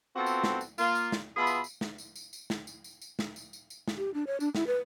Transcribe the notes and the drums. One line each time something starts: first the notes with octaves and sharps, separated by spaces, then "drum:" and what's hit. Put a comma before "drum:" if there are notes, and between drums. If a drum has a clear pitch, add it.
B3 C4 F4 F#4 A4
drum: tambourine
drum: snare
drum: tambourine
A#3 F4, drum: tambourine
drum: tambourine
drum: snare
B2 B3 F4 G#4 E5 B5
drum: tambourine
drum: tambourine
drum: snare
drum: tambourine
drum: tambourine
drum: tambourine
drum: snare
drum: tambourine
drum: tambourine
drum: tambourine
drum: snare
drum: tambourine
drum: tambourine
drum: tambourine
drum: snare
G4
D4
C#5
D4, drum: tambourine
E4, drum: snare
B4